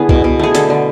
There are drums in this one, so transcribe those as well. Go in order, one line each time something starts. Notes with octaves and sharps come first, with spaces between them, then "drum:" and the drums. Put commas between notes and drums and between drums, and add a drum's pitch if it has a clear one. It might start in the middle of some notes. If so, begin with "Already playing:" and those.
Already playing: D3 B3 E4 G#4
B2, drum: kick C2
B2
A3 G#4
D3 A4, drum: hi-hat
D3